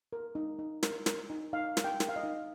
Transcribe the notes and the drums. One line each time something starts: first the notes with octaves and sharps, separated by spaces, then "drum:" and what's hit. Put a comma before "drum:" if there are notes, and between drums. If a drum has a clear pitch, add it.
A#4
D#4
D#4
A#4, drum: snare
A#4, drum: snare
D#4
D#4 F5
A#4, drum: snare
G5
A#4, drum: snare
F5
D#5
D#4